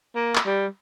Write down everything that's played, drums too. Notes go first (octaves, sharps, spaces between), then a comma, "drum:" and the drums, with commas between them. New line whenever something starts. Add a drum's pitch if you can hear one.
A#3
drum: clap
G3